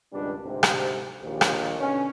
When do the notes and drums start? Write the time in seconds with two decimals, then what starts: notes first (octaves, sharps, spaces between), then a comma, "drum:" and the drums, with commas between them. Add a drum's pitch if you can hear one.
0.12 G#1 C#2 B2 G3 D4
0.43 D2 G#2 C3
0.63 drum: rim click
1.22 A#1 D#2
1.41 drum: rim click
1.79 B2 D3 C#4